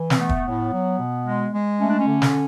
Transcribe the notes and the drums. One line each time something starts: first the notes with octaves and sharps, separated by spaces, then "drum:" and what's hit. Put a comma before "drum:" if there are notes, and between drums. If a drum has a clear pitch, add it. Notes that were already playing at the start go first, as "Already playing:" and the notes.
Already playing: E3
C4, drum: snare
A3 B3
drum: kick
A2
F#3
B2
G#3
G#3
A3 C#4
D4
C#4
D3
drum: snare